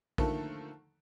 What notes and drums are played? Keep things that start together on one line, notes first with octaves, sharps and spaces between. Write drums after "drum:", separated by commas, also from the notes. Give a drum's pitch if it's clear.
D3 D#3 F3 A3 A#3 A4, drum: kick